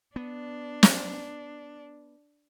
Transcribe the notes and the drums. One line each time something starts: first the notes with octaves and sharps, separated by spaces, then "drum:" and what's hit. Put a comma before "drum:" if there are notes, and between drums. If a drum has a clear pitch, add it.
B3 D4
drum: snare